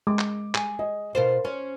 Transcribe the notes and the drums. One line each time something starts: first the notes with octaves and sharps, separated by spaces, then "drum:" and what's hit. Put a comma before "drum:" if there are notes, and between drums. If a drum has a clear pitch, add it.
G#3 D6
drum: clap
G#4, drum: clap
D#5
B2 F4 A#4 C5 F5
C#4 C5